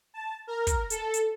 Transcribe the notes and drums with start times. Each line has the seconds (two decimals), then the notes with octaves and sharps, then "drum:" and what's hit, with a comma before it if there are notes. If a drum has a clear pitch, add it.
0.14 A5
0.47 A#4
0.67 drum: kick, hi-hat
0.90 A4, drum: hi-hat
1.14 drum: hi-hat